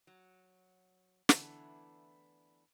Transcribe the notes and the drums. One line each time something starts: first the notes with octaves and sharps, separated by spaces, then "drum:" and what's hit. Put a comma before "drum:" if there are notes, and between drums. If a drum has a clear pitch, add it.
F#3
D3 E3 A3 B3 D4 E4, drum: snare